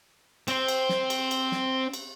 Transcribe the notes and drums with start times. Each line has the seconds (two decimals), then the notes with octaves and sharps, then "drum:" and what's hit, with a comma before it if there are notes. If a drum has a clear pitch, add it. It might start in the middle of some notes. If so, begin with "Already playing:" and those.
0.48 C4 C5, drum: cymbal
0.68 drum: cymbal
0.89 drum: snare
1.10 drum: cymbal
1.31 drum: cymbal
1.52 drum: snare
1.94 drum: cymbal